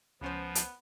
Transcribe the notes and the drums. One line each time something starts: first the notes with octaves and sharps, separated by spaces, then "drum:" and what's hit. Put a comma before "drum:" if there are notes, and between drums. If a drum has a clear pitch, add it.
C#2 F3 B3 C#4 C5
drum: hi-hat